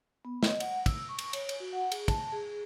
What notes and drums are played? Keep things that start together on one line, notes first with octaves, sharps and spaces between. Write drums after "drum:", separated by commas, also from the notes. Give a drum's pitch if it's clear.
B3
D#5, drum: snare
F#5, drum: cymbal
E6, drum: kick, cymbal
C#6
drum: cymbal
C#5, drum: cymbal
drum: cymbal
F#4
F#5
G#4, drum: cymbal
A5, drum: kick, cymbal
G#4